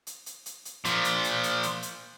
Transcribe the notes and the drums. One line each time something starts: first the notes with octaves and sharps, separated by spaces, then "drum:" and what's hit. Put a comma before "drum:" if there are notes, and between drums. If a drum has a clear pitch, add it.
drum: hi-hat
drum: hi-hat
drum: hi-hat
drum: hi-hat
A#2 F3, drum: hi-hat
drum: hi-hat
drum: hi-hat
drum: hi-hat
drum: hi-hat
drum: hi-hat